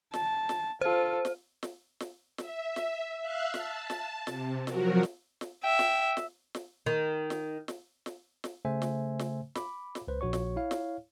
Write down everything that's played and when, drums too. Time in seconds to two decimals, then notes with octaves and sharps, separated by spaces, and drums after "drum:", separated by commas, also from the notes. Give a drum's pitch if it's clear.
0.14 A5, drum: snare
0.49 drum: snare
0.81 F4 A4 C5
1.25 drum: snare
1.63 drum: snare
2.00 drum: snare
2.38 E5, drum: snare
2.76 drum: snare
3.20 E5 F5 E6 F#6
3.54 A5, drum: snare
3.90 drum: snare
4.27 C3, drum: snare
4.67 F3 F#3 F#4 A#4, drum: snare
5.03 drum: snare
5.41 drum: snare
5.63 E5 G5
5.79 drum: snare
6.17 drum: snare
6.55 drum: snare
6.86 D#3
7.30 drum: snare
7.68 drum: snare
8.06 drum: snare
8.44 drum: snare
8.65 C#3 A3 C5 E5 G#5
8.82 drum: snare
9.19 drum: snare
9.55 B5 D6, drum: snare
9.95 drum: snare
10.08 C#2 B4 C5
10.21 A#1 F#4 C#5 C#6
10.33 drum: snare
10.56 E4 C#5 F5
10.71 drum: snare